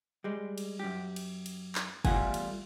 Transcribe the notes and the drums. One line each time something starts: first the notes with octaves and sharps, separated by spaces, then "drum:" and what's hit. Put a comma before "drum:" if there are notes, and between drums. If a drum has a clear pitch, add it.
G3 G#3
drum: cymbal
F#2 G4
drum: cymbal
drum: cymbal
drum: clap
E2 G3 A3 F4 F#5 G#5, drum: kick, cymbal
drum: cymbal